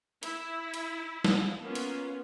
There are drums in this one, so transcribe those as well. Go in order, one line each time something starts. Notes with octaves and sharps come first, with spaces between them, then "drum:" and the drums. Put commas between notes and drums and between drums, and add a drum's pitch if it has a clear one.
E4, drum: hi-hat
drum: hi-hat
drum: snare
A#3 B3 C#4 F4
drum: hi-hat